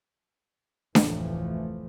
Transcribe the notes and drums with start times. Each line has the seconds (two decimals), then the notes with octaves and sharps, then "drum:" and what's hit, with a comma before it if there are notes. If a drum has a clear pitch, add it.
0.95 F1 D2 A2 E3 F3 A3, drum: snare D4